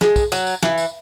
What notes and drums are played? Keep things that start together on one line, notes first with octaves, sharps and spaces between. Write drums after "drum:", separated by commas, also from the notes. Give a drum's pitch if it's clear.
G#3, drum: snare
drum: kick, tambourine
F#3, drum: tambourine
drum: tambourine
E3, drum: snare
drum: tambourine